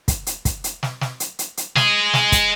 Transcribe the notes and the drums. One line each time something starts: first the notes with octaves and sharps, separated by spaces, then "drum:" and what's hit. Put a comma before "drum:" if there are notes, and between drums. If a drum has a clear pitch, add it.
drum: kick, hi-hat
drum: hi-hat
drum: kick, hi-hat
drum: hi-hat
drum: snare
drum: snare
drum: hi-hat
drum: hi-hat
drum: hi-hat
G#4 D#5, drum: snare
drum: snare
drum: kick, hi-hat